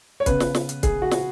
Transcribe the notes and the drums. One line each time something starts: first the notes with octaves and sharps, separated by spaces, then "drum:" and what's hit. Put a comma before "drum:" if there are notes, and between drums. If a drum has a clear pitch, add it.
C#5
C#3 B3 B4, drum: kick, hi-hat
drum: snare
drum: snare
drum: hi-hat
G#4, drum: kick, hi-hat
F#4
drum: snare